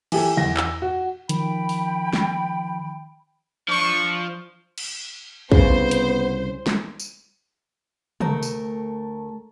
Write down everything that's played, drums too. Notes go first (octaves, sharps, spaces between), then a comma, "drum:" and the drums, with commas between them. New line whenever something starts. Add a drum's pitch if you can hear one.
E3 G4 A4, drum: cymbal
E2 A#6
E6, drum: clap
F#4
D#3 F3 G5 B5, drum: hi-hat
drum: open hi-hat
drum: snare
F3 D4 C#6
drum: cymbal
C2 C#3 B3 C5, drum: kick
drum: hi-hat
drum: snare
drum: tambourine
D2 A3 A4 A#4, drum: tom
drum: tambourine